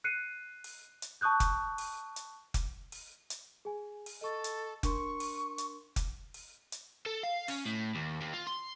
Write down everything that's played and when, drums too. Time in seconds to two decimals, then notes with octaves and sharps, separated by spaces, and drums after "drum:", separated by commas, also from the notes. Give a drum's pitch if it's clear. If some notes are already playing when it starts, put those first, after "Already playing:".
0.04 F#6 C7 C#7 D#7
0.64 drum: open hi-hat
1.02 drum: hi-hat
1.21 A5 C#6 D#6 F#6 G6
1.40 drum: kick F1, hi-hat
1.78 drum: open hi-hat
2.16 drum: hi-hat
2.54 drum: kick F1, hi-hat
2.92 drum: open hi-hat
3.30 drum: hi-hat
3.65 G#4 G#5
4.06 drum: open hi-hat
4.21 A4 D#5 C#6
4.44 drum: hi-hat
4.83 D4 A#4 C6 C#6, drum: kick F1, hi-hat
5.20 drum: open hi-hat
5.58 drum: hi-hat
5.96 drum: kick F1, hi-hat
6.34 drum: open hi-hat
6.72 drum: hi-hat
7.06 A4
7.23 F5
7.48 C#4, drum: open hi-hat
7.66 A2
7.95 D#2
8.21 D#2
8.33 F4
8.47 C6